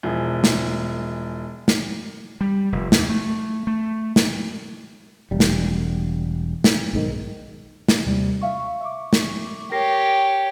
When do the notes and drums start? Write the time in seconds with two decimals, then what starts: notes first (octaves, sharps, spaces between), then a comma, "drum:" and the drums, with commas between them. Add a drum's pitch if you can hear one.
0.03 E1 F3 E4 G#4
0.44 drum: snare
1.68 drum: snare
2.41 G3
2.72 F1
2.92 E2, drum: snare
3.09 A3
3.67 A3
4.16 drum: snare
5.31 E1 G3
5.40 drum: snare
6.64 drum: snare
6.93 B1 G#2 D#3
7.89 drum: snare
8.05 D#2 C3 G3
8.41 E5 F5 C#6
8.81 E5 C#6 D6
9.13 drum: snare
9.71 G4 A#4 C#5 A#6 C7